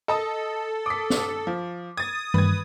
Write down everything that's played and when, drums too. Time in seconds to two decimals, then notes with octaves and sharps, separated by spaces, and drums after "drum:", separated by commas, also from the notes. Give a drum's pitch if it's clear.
0.08 A4 D#5 A5 D#6
0.86 D6 D#6 B6
1.10 drum: snare
1.47 F3
1.97 D#6 G#6 A6
2.34 G2 B4 G#6, drum: tom D#3